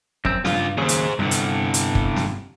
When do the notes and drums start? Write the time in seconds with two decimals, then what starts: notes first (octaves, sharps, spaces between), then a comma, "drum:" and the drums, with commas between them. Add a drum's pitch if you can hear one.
0.25 F#2 C4, drum: kick
0.45 G2 C#3 F4, drum: snare
0.78 D#2 C#3 F#3 G#4 C5
0.89 drum: hi-hat
1.19 C2 G2 D3
1.31 drum: hi-hat
1.74 drum: hi-hat
1.95 drum: kick
2.16 drum: snare